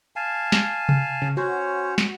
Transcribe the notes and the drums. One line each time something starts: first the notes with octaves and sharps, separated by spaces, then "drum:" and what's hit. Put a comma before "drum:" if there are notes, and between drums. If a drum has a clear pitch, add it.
F5 G#5 A5
drum: snare
drum: tom C3
C#3
C#4 F#4 C5 C#5
drum: snare